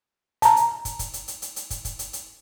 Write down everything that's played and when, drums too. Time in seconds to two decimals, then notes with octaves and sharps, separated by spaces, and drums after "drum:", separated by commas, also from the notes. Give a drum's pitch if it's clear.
0.42 A5 A#5, drum: hi-hat
0.56 drum: hi-hat
0.85 drum: kick, hi-hat
0.99 drum: kick, hi-hat
1.13 drum: hi-hat
1.28 drum: hi-hat
1.42 drum: hi-hat
1.56 drum: hi-hat
1.70 drum: kick, hi-hat
1.85 drum: kick, hi-hat
1.99 drum: hi-hat
2.13 drum: hi-hat